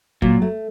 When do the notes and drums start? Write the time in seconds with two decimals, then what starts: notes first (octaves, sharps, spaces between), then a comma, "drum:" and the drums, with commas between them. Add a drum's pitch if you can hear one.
0.22 A#2 F#3, drum: kick F#1
0.42 A3